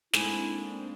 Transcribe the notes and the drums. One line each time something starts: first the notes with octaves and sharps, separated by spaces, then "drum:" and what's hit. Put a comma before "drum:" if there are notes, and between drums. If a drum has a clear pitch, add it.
G#2 A3 A#3 C4 D4 E4 G#5 D#7, drum: snare